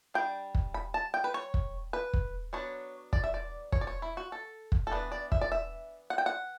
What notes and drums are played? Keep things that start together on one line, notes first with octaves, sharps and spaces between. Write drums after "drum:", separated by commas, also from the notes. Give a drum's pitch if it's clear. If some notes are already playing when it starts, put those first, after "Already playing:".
G3 D4 G5
drum: kick
B5
A5
G5
B4
C#5
drum: kick
B4
drum: kick
F#3 B3 D4 C#5
D5, drum: kick
E5
D5
C#5, drum: kick
D5
C#5
E4
F#4
A4
drum: kick
A4
E3 B3 D4 B4
D5
E5, drum: kick
D5
E5
F#5
G5
F#5